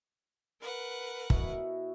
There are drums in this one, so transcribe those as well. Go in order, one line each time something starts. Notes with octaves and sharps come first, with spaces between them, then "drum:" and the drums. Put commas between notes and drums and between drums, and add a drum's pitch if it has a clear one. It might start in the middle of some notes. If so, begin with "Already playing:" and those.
A#4 B4 F#5
B2 E4 F#4, drum: kick